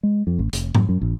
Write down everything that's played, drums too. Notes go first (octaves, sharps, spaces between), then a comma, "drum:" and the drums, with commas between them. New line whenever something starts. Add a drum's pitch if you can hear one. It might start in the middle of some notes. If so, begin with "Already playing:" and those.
G#3
F2
A1
F1, drum: hi-hat
F#2, drum: tom G#2
F#2
A#1